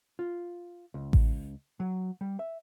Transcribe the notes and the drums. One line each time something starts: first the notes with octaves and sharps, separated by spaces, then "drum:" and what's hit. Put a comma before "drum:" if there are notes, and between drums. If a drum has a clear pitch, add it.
F4
C#2
drum: kick A1
F#3
G3
E5